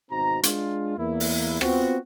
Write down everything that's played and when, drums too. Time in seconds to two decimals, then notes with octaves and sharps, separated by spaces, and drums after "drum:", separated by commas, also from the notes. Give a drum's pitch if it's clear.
0.11 G#1 B2 C4 D#4 F#4 A#5
0.43 G#3 D4 F4, drum: hi-hat
0.98 E2 A#3 E4
1.20 drum: open hi-hat
1.61 B3 C4 F4 F#4, drum: rim click